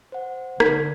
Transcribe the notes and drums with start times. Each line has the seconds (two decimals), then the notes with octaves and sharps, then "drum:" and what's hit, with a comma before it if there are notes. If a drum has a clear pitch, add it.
0.12 C5 F#5
0.60 D3 D#4 G#6 B6, drum: rim click